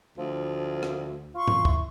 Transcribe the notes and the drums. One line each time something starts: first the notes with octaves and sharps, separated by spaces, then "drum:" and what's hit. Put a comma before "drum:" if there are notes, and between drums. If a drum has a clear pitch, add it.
D2 F3
drum: rim click
F4 C6 C#6
drum: tom G2
E4, drum: kick C#2